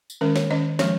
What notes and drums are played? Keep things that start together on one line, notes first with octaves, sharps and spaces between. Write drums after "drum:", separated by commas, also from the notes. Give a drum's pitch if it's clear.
drum: tambourine
D#3 G#3 C#4 A#4
C#5, drum: snare
D#3 C#4 D#5
F3 G#3 C#4 C#5, drum: snare